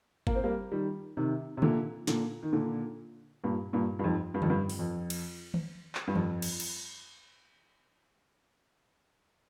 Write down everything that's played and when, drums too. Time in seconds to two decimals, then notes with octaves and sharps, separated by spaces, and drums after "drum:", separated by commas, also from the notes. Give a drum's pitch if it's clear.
0.27 A#3, drum: kick G1
0.35 C4
0.44 G3 A#3
0.72 D#3 G3
1.17 C3 D#3
1.57 C3
1.62 A#2 D3, drum: tom D3
2.07 A#2 D3, drum: snare
2.43 D#3
2.53 A#2 D3
3.44 G2 A#2
3.73 G2 A#2
3.99 G2
4.04 F2 G#2
4.34 G2
4.42 F2, drum: tom D3
4.50 G2
4.69 drum: open hi-hat
4.79 F2
5.10 drum: cymbal
5.54 drum: tom D#3
5.95 drum: clap
6.07 G2
6.15 F2, drum: tom D#3
6.42 drum: cymbal
6.60 drum: cymbal